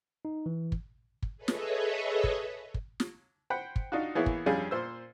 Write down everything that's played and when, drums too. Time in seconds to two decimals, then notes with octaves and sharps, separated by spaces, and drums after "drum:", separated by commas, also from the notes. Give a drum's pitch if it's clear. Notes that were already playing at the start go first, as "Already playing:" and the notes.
0.25 D#4
0.46 E3
0.72 drum: kick
1.22 drum: kick
1.37 G#4 A4 B4 C#5 D#5 E5
1.48 drum: snare
2.24 drum: kick
2.74 drum: kick
3.00 drum: snare
3.50 C5 F#5 G5 B5
3.76 drum: kick
3.92 D4 D#4 F4 F#4
4.15 E3 A#3 B3 E4 G#4 C#5
4.26 drum: kick
4.46 F2 G3 C#4 D4 F4 G#4
4.71 A#2 C5 E6